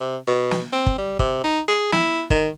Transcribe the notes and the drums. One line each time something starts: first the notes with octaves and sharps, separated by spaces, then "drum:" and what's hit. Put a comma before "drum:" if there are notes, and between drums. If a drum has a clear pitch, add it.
C3
B2
drum: snare
C4
drum: kick
G3
C3, drum: kick
D#4
G#4
E4, drum: snare
D#3, drum: kick